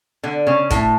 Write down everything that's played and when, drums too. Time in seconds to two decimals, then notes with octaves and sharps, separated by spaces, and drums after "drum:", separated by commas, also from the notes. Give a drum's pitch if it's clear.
0.23 D3
0.47 C#3
0.70 A2, drum: kick F#1, hi-hat